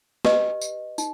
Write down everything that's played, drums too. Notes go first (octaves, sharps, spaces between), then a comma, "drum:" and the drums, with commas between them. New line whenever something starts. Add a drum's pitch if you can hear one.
G4 B4 D#5, drum: snare
drum: tambourine
D#4, drum: tambourine